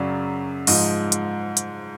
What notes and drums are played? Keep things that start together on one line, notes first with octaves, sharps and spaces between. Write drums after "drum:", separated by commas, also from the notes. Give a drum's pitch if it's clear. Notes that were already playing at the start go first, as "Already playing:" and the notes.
Already playing: F#2 C#3 F#3 D5
G#2 F3 D#5, drum: open hi-hat
drum: hi-hat
drum: hi-hat